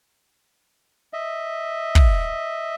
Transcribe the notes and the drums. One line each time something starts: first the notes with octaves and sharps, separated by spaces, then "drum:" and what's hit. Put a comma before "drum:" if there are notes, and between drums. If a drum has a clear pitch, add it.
D#5 E5
drum: kick